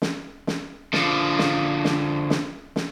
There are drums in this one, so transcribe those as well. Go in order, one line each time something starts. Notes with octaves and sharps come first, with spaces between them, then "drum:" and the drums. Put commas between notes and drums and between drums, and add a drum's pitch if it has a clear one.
drum: snare
drum: snare
D3 F3, drum: snare
drum: snare
drum: snare
drum: snare
drum: snare